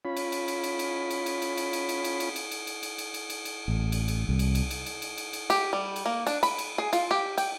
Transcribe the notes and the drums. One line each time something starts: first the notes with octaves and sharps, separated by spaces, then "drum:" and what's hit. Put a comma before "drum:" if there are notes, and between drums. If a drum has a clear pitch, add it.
C#4 F4 B5
drum: cymbal
drum: cymbal
drum: cymbal
drum: cymbal
drum: cymbal
drum: cymbal
drum: cymbal
drum: cymbal
drum: cymbal
drum: cymbal
drum: cymbal
drum: cymbal
drum: cymbal
drum: cymbal
drum: cymbal
drum: cymbal
drum: cymbal
drum: cymbal
drum: cymbal
drum: cymbal
drum: cymbal
A1
drum: cymbal
drum: cymbal
C2
drum: cymbal
drum: cymbal
drum: cymbal
drum: cymbal
drum: cymbal
drum: cymbal
drum: cymbal
G4, drum: cymbal
G3
drum: cymbal
A#3
D4, drum: cymbal
B5, drum: cymbal
drum: cymbal
G#4
F4, drum: cymbal
G4
G5, drum: cymbal